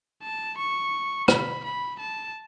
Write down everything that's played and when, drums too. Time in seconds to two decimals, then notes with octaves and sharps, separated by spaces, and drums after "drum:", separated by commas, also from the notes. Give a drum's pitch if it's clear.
0.23 A5
0.58 C#6
1.28 B5, drum: rim click
1.64 B5
1.99 A5